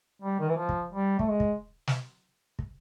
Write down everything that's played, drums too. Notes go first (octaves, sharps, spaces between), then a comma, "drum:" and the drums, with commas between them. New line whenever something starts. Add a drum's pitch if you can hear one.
G3
D#3
E3
F3
drum: kick
G3
A3, drum: kick
G#3
drum: kick
drum: snare
drum: kick